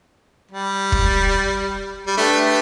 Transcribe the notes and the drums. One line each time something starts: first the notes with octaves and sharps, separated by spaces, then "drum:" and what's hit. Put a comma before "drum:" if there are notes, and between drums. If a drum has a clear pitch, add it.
G3
drum: kick
G3
A3 D4 G4 B4
A3